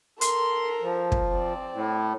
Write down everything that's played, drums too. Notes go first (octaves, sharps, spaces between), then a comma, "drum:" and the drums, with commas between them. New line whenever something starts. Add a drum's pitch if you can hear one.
A4 A#4 C6, drum: hi-hat
F3
drum: kick
C4 D5
A2